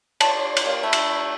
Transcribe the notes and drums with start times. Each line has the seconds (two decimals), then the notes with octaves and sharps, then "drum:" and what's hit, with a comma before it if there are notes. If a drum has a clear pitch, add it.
0.21 C#5 D5 A5 C6, drum: cymbal
0.57 drum: cymbal
0.66 A#3
0.83 A3 B5
0.93 drum: cymbal